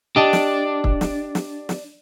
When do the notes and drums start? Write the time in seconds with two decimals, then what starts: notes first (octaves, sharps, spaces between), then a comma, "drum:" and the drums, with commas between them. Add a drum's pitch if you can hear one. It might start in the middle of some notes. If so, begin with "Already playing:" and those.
0.16 D4 G4 D#5 A5
0.33 drum: snare
0.84 drum: kick
1.01 drum: snare
1.35 drum: snare
1.69 drum: snare